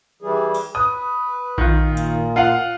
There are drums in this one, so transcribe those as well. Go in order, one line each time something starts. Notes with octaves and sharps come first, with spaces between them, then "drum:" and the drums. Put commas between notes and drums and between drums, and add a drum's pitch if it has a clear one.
E3 G3 G#4
drum: open hi-hat
B4 D#6
D#3 F4, drum: kick A#1
A#2
drum: hi-hat
F4 F5 F#5